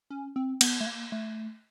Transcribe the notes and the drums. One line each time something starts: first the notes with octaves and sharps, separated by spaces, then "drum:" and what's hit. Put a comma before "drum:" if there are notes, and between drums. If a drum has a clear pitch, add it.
C#4
C4
B3, drum: cymbal
A3
A#3
A3